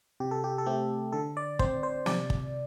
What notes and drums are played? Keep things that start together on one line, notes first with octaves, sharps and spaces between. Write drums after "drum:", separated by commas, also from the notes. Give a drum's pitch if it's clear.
C3 G4
A4
G4
A4
A3 C4 G4
D3 A4
D5
C4 C5, drum: kick
C5
C3 D5, drum: snare
drum: kick